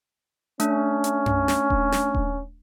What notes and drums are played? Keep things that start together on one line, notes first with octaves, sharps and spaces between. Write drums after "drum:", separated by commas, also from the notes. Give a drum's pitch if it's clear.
A3 C#4 D4, drum: hi-hat
drum: hi-hat
drum: tom F#2
drum: snare
drum: kick D#1
drum: snare
drum: kick D#1